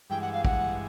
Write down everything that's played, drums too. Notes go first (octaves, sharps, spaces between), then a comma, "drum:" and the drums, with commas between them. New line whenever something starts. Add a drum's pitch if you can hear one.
G2 E3 G#3 G5
F#5
F5
F#5, drum: kick